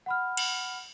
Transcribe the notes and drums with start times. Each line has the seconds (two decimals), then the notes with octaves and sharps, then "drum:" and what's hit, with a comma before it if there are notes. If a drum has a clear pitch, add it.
0.06 F#5 B5 F6
0.37 drum: cymbal